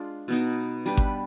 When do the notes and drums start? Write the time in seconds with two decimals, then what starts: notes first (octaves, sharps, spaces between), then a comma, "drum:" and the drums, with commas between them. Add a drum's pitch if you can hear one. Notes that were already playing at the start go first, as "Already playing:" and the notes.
Already playing: G#3 D4 F4
0.28 B2 B3 D#4
0.86 G3 D4 G4 B4
0.97 drum: kick G#1